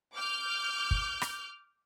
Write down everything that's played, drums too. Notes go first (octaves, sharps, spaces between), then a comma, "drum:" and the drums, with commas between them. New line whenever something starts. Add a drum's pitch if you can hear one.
D6 F6 G6
drum: kick
drum: rim click